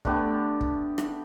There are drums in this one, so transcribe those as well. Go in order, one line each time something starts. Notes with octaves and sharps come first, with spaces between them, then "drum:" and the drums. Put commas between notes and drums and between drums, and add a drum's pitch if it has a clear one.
D3 A3 B3 G4, drum: kick
drum: kick
drum: rim click